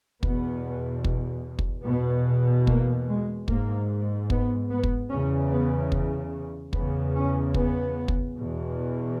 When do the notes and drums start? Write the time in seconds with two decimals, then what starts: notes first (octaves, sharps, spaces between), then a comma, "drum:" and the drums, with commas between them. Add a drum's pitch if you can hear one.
0.23 E2 B2 B3, drum: kick
1.04 drum: kick
1.59 drum: kick
1.86 E2 B2 B3
2.67 A#3, drum: kick
3.08 G#3
3.48 G#2 A#3, drum: kick
4.30 B3, drum: kick
4.69 B3
4.83 drum: kick
5.10 E2 C#3 C#4
5.51 B3
5.92 drum: kick
6.73 E2 C#3 B3, drum: kick
7.14 C#4
7.54 B3, drum: kick
8.08 drum: kick
8.35 E2 B2